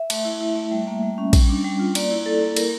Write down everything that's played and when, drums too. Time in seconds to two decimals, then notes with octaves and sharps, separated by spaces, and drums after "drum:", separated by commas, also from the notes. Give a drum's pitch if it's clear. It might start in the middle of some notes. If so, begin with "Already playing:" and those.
Already playing: E5
0.10 A3, drum: cymbal
0.25 E4
0.41 E4
0.56 A3
0.71 G3
0.87 A#3
1.02 G3
1.18 C#4
1.33 G3, drum: kick, cymbal
1.49 D4
1.65 G3
1.79 F4
1.95 A#3 D5, drum: cymbal
2.11 E4
2.26 E4 A4
2.42 A#3
2.56 A#3 A#4, drum: cymbal